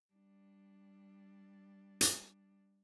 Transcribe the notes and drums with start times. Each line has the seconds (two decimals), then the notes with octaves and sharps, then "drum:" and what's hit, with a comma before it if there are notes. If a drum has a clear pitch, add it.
0.13 G3 D4
2.01 drum: hi-hat